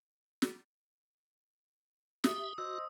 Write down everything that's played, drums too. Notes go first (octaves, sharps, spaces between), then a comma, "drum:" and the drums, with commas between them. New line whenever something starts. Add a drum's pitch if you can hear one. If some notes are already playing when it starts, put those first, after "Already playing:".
drum: snare
G4 E5 D#6, drum: snare
F#4 C5 D#5 E6